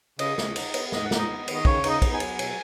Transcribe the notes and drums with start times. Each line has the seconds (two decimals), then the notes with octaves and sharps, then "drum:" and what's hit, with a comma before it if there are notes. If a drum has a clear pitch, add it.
0.19 C#3 D#5, drum: cymbal
0.38 C#3, drum: snare
0.56 D#4, drum: cymbal
0.74 B3, drum: cymbal
0.92 G#2 D#5, drum: snare
1.05 F#5
1.11 D#4, drum: snare
1.18 D#5
1.28 B3
1.48 D#3, drum: cymbal
1.55 D#5
1.65 C#3 C#5, drum: kick
1.84 D#4, drum: cymbal
1.90 D#5
2.02 B3, drum: kick, cymbal
2.14 G#5
2.20 F#3, drum: cymbal
2.39 B2, drum: cymbal